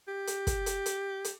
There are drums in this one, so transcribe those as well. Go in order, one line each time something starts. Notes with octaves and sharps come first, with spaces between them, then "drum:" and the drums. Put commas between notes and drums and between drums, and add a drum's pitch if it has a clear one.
G4
drum: hi-hat
drum: kick, hi-hat
drum: hi-hat
drum: hi-hat
drum: hi-hat